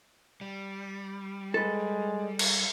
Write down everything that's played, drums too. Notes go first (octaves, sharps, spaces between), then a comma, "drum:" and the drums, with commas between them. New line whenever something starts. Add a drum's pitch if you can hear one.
G3
G#3 A4 B4
drum: cymbal